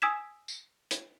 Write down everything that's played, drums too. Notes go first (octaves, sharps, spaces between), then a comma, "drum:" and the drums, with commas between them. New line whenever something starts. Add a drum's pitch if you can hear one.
G#5 D#6 E6 G#6 B6 E7
drum: tambourine
drum: hi-hat